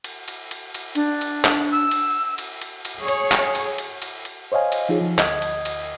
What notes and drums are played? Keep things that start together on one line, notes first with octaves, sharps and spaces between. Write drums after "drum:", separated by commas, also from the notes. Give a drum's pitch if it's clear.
drum: cymbal
drum: cymbal
drum: cymbal
drum: cymbal
D4, drum: cymbal
drum: cymbal
drum: clap
E6
drum: cymbal
drum: cymbal
drum: cymbal
drum: cymbal
G#4 C#5
drum: cymbal
drum: clap
drum: cymbal
drum: cymbal
drum: cymbal
drum: cymbal
C5 C#5 D#5 F5 G#5
drum: cymbal
F3 D#4 F4 G#4
F3
D2 D#5 D#6 G#6, drum: clap
drum: cymbal
drum: cymbal